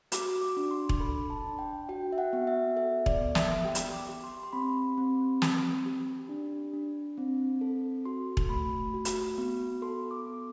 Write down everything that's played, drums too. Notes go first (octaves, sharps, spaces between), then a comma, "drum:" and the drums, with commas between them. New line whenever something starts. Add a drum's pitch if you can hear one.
F#4 D6, drum: hi-hat
D6
D4
C6
drum: kick E1
A4 B5
A5
D4
G5
F#4 G5
E5
F#5
B3
E5
A4 E5
D5, drum: kick E1
B3
E5, drum: snare
G4 G5
drum: hi-hat
D6
G4
C6
C6
C4 B5
C4
G4, drum: snare
G4
D4
D4
C4
A4
F#4 C6
drum: kick E1
A3 B5
F#4
drum: hi-hat
B3
A4 C6
D6
B3